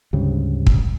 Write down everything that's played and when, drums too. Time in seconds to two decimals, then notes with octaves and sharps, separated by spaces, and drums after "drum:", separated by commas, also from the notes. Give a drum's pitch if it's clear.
0.13 D2 G#2 C#3 G3
0.67 drum: kick